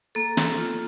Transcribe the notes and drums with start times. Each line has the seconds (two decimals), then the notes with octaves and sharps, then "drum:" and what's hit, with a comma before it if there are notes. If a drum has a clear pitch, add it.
0.15 A#3 A4
0.37 drum: snare
0.57 F4